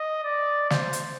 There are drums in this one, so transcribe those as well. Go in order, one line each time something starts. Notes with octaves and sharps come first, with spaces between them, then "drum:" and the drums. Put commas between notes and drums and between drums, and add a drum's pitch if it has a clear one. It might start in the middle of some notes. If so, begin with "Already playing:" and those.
Already playing: D#5
D5
C5, drum: snare
drum: hi-hat